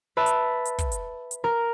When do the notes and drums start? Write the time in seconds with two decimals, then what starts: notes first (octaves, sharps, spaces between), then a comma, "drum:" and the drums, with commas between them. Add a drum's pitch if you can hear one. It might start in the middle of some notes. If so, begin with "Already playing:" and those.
0.17 B4 E5 A5
0.26 drum: hi-hat
0.65 drum: hi-hat
0.78 drum: kick, hi-hat
0.92 drum: hi-hat
1.31 drum: hi-hat
1.44 A#4